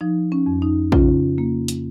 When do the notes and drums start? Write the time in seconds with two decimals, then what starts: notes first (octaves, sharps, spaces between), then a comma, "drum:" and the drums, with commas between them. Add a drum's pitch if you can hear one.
0.01 F3 D#4
0.32 C#4
0.46 F2
0.62 D#4
0.92 C#3 C#4 F4, drum: kick A#1
1.38 A#3
1.68 drum: hi-hat